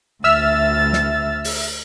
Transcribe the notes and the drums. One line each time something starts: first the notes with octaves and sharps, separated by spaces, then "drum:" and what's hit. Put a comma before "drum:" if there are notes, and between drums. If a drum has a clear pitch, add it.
D2 E5 E6 F6 A6
drum: snare
drum: open hi-hat